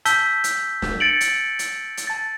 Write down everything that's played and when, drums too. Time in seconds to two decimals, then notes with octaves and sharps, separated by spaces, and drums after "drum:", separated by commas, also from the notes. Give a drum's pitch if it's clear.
0.05 A5 E6 G6 B6 G7, drum: hi-hat
0.44 drum: hi-hat
0.82 drum: snare
1.00 A6 C#7 D7 F#7
1.21 drum: hi-hat
1.59 drum: hi-hat
1.97 drum: hi-hat
2.07 A5 A6